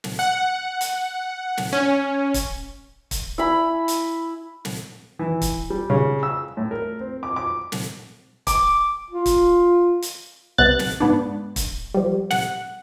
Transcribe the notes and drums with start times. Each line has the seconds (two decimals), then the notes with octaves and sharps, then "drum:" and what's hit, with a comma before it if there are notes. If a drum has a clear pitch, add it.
0.04 drum: snare
0.19 F#5
0.81 drum: hi-hat
1.57 drum: snare
1.73 C#4
2.34 drum: kick, hi-hat
3.11 drum: kick, hi-hat
3.38 E4 B5
3.88 drum: hi-hat
4.65 drum: snare
5.19 E3
5.42 drum: kick, hi-hat
5.70 G3
5.90 C#3
6.23 E6
6.57 A2
6.71 A#4
7.01 C4
7.23 D6
7.36 D6
7.72 drum: snare
8.47 D6, drum: kick, hi-hat
9.11 F4
9.26 drum: kick, hi-hat
10.02 drum: hi-hat
10.58 C2 C3 B3 F#6 A6
10.79 drum: snare
11.00 G#2 B3 D4
11.56 drum: kick, hi-hat
11.94 F3 G3
12.31 F#5, drum: snare